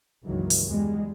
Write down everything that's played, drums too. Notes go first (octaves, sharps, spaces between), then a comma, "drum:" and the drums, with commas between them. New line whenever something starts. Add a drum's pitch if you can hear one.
C#2 G2 D#3 E3 F#3 A#3
drum: open hi-hat
E2 G3 G#3